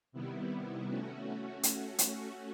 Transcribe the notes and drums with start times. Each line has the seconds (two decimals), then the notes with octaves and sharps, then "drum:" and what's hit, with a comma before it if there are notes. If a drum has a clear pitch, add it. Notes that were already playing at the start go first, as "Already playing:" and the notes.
0.12 C3 D#3 G3 B3 E4
0.85 A3 C#4 F#4
1.63 drum: hi-hat
1.98 drum: hi-hat